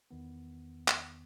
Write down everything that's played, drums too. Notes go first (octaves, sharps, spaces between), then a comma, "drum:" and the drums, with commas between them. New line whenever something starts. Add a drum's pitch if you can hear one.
E2 D#3 B3
drum: clap